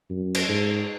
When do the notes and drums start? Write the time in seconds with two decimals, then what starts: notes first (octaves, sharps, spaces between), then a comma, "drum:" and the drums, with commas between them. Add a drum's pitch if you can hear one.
0.10 F#2
0.35 drum: cymbal
0.48 G#2